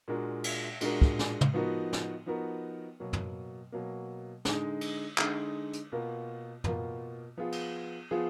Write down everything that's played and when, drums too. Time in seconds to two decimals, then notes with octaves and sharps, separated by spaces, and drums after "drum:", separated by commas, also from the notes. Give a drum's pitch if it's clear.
0.08 A#2 G#3 D4 F#4 A#4
0.44 drum: cymbal
0.81 A#2 G#3 D4 F#4 A#4, drum: cymbal
1.02 drum: kick
1.19 drum: snare
1.41 drum: tom
1.54 F3 B3 D#4 F#4 A#4
1.93 drum: snare
2.26 F3 B3 D#4 F#4 A#4
3.00 B2 F#3 A#3
3.13 drum: tom
3.72 B2 F#3 A#3
4.45 D3 G#3 D#4, drum: snare
4.81 drum: cymbal
5.18 D3 G#3 D#4, drum: clap
5.73 drum: hi-hat
5.92 B2 A#3 F4 A#4
6.64 B2 A#3 F4 A#4, drum: tom
7.38 F3 B3 F4 G#4
7.52 drum: cymbal
8.11 F3 B3 F4 G#4